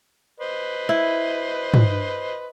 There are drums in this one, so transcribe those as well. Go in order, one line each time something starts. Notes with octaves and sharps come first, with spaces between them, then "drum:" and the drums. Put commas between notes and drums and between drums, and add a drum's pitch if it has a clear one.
B4 C5 D#5
E4
drum: tom